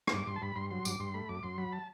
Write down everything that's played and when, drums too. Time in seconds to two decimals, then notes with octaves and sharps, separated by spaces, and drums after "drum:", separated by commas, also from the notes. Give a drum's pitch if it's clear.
0.07 C6, drum: rim click
0.13 G2 D6
0.27 G2 C6
0.36 A5
0.42 G2 B5
0.56 G2 C6
0.70 F#3 C6
0.85 G2 D6, drum: tambourine
1.00 G2 C6
1.14 A3 B5
1.29 F#2 D6
1.43 F#2 C6
1.58 F#3 B5
1.72 A5